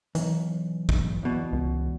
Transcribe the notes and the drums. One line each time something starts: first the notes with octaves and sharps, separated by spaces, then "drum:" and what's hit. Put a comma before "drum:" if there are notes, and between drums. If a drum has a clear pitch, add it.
B1 E3, drum: hi-hat
drum: kick
E2 B2
C#2